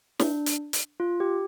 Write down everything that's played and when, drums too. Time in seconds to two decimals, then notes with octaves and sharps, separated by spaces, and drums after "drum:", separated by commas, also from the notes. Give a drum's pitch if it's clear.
0.19 D4, drum: snare
0.46 drum: hi-hat
0.73 drum: hi-hat
1.00 F4
1.20 G4